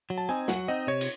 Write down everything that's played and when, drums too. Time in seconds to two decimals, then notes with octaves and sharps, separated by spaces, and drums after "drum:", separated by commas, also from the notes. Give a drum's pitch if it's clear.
0.10 F#3
0.18 A5
0.29 C4 D#4 G#5
0.48 F#3 F#5, drum: snare
0.68 C4 D#4 D#5
0.87 C3 C#5
1.01 drum: cymbal